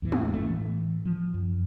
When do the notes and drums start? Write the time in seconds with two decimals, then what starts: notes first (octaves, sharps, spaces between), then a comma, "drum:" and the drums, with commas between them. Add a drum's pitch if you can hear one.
0.02 E2 A2 E3
0.12 drum: tom G#3
0.32 G1 A3 C#4
0.46 A2 E3
1.05 F3
1.34 F#2